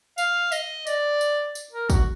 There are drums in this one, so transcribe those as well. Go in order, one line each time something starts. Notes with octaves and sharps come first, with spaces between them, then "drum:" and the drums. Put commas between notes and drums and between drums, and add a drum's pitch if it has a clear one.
F5, drum: tambourine
D#5, drum: tambourine
D5, drum: tambourine
drum: tambourine
drum: tambourine
A#4
F#4, drum: kick, tambourine